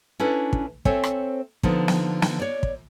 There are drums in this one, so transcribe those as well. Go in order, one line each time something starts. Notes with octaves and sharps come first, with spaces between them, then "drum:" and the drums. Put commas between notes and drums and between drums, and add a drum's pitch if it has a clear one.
C#4 D4 E4 A4 B4
drum: kick
C4 A4 C5 C#5 E5 G#5, drum: kick
drum: rim click
D3 F3 B3 D#4, drum: kick
drum: snare
drum: snare
C#5 D5
drum: kick